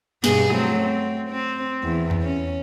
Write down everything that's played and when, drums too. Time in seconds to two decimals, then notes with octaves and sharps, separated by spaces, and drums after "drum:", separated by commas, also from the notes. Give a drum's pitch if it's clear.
0.24 G2 B2 G#4, drum: snare
0.53 F#3 A3 C4
0.83 C4
1.30 C4
1.84 E2
2.11 drum: tom E2
2.22 C#4